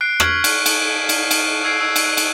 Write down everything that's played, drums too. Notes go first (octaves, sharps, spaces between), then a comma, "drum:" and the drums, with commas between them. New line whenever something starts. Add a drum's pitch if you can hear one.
F#6 C7 D7
C#6 F6 F#6 G#6 B6 F#7, drum: rim click
drum: cymbal
drum: cymbal
drum: cymbal
drum: cymbal
E6 G#6 C7 D7
E6 G#6
drum: cymbal
F#6
drum: cymbal